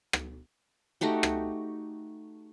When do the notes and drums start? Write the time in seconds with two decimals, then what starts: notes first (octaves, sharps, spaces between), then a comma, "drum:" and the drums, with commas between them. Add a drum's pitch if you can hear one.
0.13 drum: rim click
1.01 A3 D#4 F#4 G4
1.23 drum: rim click